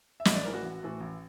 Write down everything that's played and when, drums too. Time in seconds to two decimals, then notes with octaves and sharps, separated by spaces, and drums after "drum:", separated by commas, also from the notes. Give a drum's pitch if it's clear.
0.20 E5
0.25 A1 D#5, drum: snare
0.35 D5
0.44 A2 E3 A#4
0.53 F#4
0.63 A1
0.83 A2 E3
1.01 A1